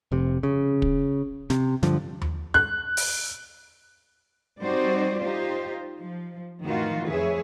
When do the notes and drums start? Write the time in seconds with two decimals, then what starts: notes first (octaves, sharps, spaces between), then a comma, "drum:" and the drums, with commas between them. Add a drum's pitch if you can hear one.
0.12 F1 C3
0.43 C#3
0.82 drum: kick
1.50 C3, drum: snare
1.83 G2 D3 F3, drum: snare
2.22 drum: tom D#2
2.54 F#6
2.97 drum: open hi-hat
4.61 G3 C4 D#4 F#4 C5 D5
5.21 D#4 F4 G4 C5
5.99 F3
6.63 F2 A2 D#3 E3 F4 F#4
7.09 F2 G#4 B4 C#5 E5